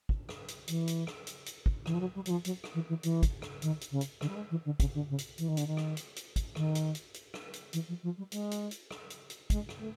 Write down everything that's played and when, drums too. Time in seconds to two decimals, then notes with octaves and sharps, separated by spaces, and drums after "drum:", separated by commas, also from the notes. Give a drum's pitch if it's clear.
0.09 drum: kick
0.29 drum: rim click
0.48 drum: hi-hat
0.68 E3, drum: hi-hat
0.88 drum: hi-hat
1.07 drum: rim click
1.27 drum: hi-hat
1.46 drum: hi-hat
1.66 drum: kick
1.86 E3, drum: rim click
1.94 F3
2.00 F#3
2.15 G3
2.26 F#3, drum: hi-hat
2.30 F3
2.45 F#3, drum: hi-hat
2.64 drum: rim click
2.74 E3
2.88 E3
3.03 E3, drum: hi-hat
3.23 drum: kick, hi-hat
3.42 drum: rim click
3.62 D#3, drum: hi-hat
3.81 drum: hi-hat
3.91 C#3
4.01 drum: hi-hat
4.21 D3, drum: rim click
4.28 G3
4.35 G#3
4.50 E3
4.65 D3
4.80 C#3, drum: kick, hi-hat
4.94 D3
5.09 C#3
5.18 drum: hi-hat
5.38 E3, drum: hi-hat
5.48 D#3
5.57 D3, drum: hi-hat
5.67 D#3
5.77 drum: rim click
5.97 drum: hi-hat
6.16 drum: hi-hat
6.36 drum: kick, hi-hat
6.55 D#3, drum: rim click
6.75 drum: hi-hat
6.95 drum: hi-hat
7.14 drum: hi-hat
7.34 drum: rim click
7.53 drum: hi-hat
7.73 E3, drum: hi-hat
7.88 F3
8.02 F3
8.17 G3
8.32 G#3, drum: hi-hat
8.51 drum: hi-hat
8.71 drum: hi-hat
8.91 drum: rim click
9.10 drum: hi-hat
9.30 drum: hi-hat
9.50 G#3, drum: kick, hi-hat
9.69 drum: rim click
9.79 A3